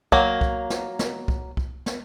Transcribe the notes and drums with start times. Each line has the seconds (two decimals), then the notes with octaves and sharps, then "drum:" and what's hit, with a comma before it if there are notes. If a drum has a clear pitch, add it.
0.12 F#3 A#3, drum: kick
0.41 drum: kick
0.70 drum: snare
0.99 drum: snare
1.28 drum: kick
1.57 drum: kick
1.86 drum: snare